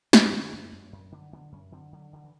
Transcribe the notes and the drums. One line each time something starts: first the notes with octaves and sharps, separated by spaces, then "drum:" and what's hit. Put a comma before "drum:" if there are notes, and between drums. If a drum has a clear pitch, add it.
F#2, drum: snare
D3
F#2
F#2
F#2
D3 D4
D3 B3
F#2 C#4
D3 C4
D3 F#3
D3 D#3
E3